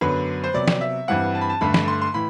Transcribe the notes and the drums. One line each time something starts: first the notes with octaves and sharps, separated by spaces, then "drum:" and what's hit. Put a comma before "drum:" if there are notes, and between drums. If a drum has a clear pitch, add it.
F#2 D3 F#3 B3 B4
C5
C3 F#3 B3 D5
drum: snare
E5
G2 E3 G3 C4 F#5
A5
B5
A5
G2 D3 A3 B5
B5, drum: snare
C6
C6
A2 E3 B5